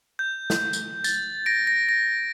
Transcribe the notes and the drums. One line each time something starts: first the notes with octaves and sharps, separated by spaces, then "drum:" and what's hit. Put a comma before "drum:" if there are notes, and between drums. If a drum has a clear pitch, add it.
G6
drum: snare
drum: tambourine
A6, drum: tambourine
A#6 D7
A#6
A#6